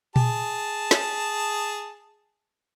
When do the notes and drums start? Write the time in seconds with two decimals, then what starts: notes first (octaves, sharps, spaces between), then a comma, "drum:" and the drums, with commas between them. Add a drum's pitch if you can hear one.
0.16 G#4 A5, drum: tom A#2
0.91 drum: snare